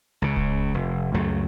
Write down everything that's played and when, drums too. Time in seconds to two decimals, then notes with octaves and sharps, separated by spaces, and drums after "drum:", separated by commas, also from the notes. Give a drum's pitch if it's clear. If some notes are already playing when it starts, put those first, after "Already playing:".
0.22 C#2 C#3
0.36 drum: kick D1
0.74 F1
1.14 C#2 F#2 F#3 A3